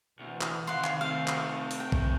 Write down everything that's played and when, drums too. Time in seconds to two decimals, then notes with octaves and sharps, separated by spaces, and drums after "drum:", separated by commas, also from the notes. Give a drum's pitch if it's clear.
0.20 D2 B2 E3
0.41 drum: clap
0.67 F2 C3 D#3 F5 F#5 C6
0.84 drum: clap
1.01 A3 C4 F5
1.28 drum: clap
1.71 drum: open hi-hat
1.80 G5
1.92 drum: kick B1